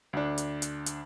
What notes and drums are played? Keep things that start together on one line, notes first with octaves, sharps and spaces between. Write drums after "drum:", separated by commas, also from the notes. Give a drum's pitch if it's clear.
D2 D4
drum: hi-hat
drum: hi-hat
drum: hi-hat